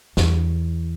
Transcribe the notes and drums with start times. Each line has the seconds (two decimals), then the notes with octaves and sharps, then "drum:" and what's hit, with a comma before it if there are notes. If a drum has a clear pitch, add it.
0.17 E2, drum: snare